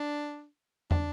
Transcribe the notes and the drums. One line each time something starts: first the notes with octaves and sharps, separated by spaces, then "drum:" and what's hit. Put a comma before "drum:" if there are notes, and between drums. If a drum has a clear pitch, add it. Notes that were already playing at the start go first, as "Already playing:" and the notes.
Already playing: D4
D4, drum: tom